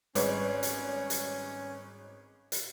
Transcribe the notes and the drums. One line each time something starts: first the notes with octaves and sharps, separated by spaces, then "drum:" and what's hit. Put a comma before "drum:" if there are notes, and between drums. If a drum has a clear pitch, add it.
G#1 G3 C#4 G#4 B4 C#5 D#5, drum: hi-hat
drum: hi-hat
drum: hi-hat
drum: hi-hat